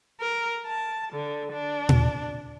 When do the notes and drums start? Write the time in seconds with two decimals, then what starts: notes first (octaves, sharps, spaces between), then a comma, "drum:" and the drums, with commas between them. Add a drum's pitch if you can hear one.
0.21 A#4
0.66 A5
1.13 D3
1.52 D4
1.89 drum: tom A#2